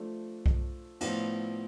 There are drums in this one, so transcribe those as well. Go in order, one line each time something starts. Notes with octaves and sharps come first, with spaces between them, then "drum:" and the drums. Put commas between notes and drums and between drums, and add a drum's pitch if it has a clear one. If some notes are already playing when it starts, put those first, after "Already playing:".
Already playing: F3 A3 D4 A4
drum: kick B1
A2 F3 B3 D4 F4, drum: cymbal